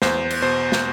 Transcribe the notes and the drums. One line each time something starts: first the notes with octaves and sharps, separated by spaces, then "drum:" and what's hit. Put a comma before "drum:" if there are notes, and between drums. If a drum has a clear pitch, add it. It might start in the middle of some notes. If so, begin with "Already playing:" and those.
E2 C5, drum: snare
drum: cymbal
B2 C5
drum: snare